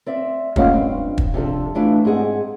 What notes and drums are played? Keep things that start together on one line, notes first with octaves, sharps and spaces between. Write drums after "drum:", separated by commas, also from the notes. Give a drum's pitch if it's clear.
C4 D5 E5
G#3 A#3 C#4 F4 F5 F#5, drum: kick
G2 C4
drum: kick
C3 F3 D4 A4
E3 A3 D4 E4 F4
G#2 C4 G#4 F#5